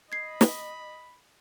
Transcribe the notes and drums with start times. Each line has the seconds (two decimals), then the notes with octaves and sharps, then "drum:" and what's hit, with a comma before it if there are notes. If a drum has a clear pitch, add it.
0.12 D#5 B5 G#6 C7
0.41 drum: snare